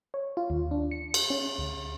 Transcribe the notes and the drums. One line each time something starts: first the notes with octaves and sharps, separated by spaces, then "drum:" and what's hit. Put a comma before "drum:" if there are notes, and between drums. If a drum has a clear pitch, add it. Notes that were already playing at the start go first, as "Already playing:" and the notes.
C#5
F4
D#2
D4
C#7
drum: cymbal
C#4
D2